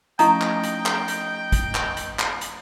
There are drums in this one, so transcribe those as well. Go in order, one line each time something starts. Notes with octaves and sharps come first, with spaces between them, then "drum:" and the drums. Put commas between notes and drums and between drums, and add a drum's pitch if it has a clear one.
F3 A3 C#4 D#4 E4 G5 A#5, drum: hi-hat
drum: clap
drum: hi-hat
drum: clap
drum: hi-hat
drum: kick, hi-hat
drum: clap
drum: hi-hat
drum: clap
drum: hi-hat